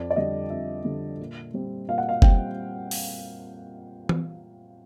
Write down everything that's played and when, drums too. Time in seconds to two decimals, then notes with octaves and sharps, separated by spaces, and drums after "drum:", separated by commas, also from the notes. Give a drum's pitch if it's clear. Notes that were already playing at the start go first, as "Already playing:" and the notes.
Already playing: F2 D5
0.11 D5
0.16 D3 G3 D#5
0.50 F2 E5
0.85 D3 G3
1.20 A#2
1.54 G3 C4
1.89 A#2 F5
1.98 F#5
2.09 F5
2.22 G3 C4 G5, drum: kick F#1
2.91 drum: open hi-hat
4.09 drum: tom E3